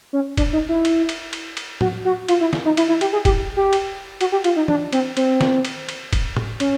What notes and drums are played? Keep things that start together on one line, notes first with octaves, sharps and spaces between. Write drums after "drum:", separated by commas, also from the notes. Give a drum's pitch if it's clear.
C#4
D4, drum: kick, cymbal
D#4
E4
drum: cymbal
drum: cymbal
drum: cymbal
drum: cymbal
F#4, drum: tom A2
F#4
F4, drum: cymbal
E4
drum: snare
D#4
E4, drum: cymbal
E4
G4, drum: cymbal
G#4
G4, drum: kick, cymbal
G4
drum: cymbal
F#4, drum: cymbal
G4
F4, drum: cymbal
D#4
D4, drum: tom E3
C4, drum: cymbal
C4, drum: cymbal
drum: snare
drum: cymbal
drum: cymbal
drum: kick, cymbal
drum: tom A2
C#4, drum: cymbal